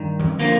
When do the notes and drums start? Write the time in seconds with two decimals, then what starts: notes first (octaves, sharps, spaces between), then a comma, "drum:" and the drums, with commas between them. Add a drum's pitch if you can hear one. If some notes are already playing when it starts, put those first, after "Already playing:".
Already playing: G2 D#3
0.20 drum: tom D#3
0.39 D3 F3 A#3